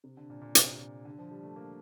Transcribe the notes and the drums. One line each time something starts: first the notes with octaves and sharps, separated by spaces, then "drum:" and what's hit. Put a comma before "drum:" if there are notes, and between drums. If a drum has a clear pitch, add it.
C3
D3
A#2
A#2
C3, drum: hi-hat
D3
F3
G3
A3
A#3